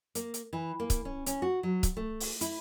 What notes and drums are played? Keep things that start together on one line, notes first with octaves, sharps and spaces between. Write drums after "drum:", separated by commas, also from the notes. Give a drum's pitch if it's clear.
A#3, drum: hi-hat
drum: hi-hat
E3
A#3
drum: kick C#1, hi-hat
C#4
C#4, drum: hi-hat
F#4
F#3
drum: kick C#1, hi-hat
A3
drum: open hi-hat
E4, drum: hi-hat